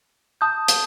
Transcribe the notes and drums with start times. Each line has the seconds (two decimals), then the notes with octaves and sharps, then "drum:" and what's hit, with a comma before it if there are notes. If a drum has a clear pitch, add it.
0.41 A5 D#6 G6
0.68 drum: hi-hat